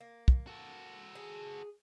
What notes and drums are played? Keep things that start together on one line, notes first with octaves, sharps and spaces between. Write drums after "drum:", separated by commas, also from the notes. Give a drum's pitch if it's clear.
A#3
drum: kick
F#4 A4
G#4